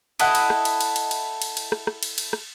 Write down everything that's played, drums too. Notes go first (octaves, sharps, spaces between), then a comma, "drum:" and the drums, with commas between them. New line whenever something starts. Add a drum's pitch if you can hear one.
E4 A4 D#5 F#5, drum: cymbal
drum: cymbal
drum: rim click
drum: cymbal
drum: cymbal
drum: cymbal
drum: cymbal
drum: cymbal
drum: cymbal
drum: rim click
drum: rim click
drum: cymbal
drum: cymbal
drum: rim click